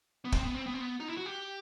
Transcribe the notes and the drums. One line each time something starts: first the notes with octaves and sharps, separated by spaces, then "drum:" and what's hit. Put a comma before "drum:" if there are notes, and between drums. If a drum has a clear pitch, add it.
B3
C4, drum: kick
B3
C4
B3
C4
B3
D#4
E4
F#4
G4